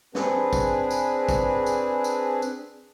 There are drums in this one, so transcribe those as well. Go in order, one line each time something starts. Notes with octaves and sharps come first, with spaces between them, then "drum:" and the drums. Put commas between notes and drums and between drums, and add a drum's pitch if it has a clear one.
C4 D4 G#4 B4, drum: snare
drum: kick, tambourine
drum: tambourine
drum: kick, tambourine
drum: tambourine
drum: tambourine
drum: tambourine